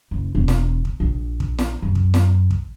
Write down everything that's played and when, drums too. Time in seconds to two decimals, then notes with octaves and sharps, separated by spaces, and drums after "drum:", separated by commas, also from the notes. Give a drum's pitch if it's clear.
0.11 F#1
0.35 E1
0.48 drum: snare
0.85 drum: kick
1.00 A#1
1.40 drum: kick
1.58 drum: snare
1.82 F#2
1.95 drum: kick
2.14 drum: snare
2.51 drum: kick